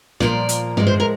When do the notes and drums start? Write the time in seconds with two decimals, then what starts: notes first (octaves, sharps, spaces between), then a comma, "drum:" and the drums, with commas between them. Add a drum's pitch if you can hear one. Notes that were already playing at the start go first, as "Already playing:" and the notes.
0.20 A#2 F3 A#3 D5, drum: snare
0.49 drum: hi-hat
0.77 A2 F3 G#3 D5, drum: tom G2
0.87 C5
1.00 A#4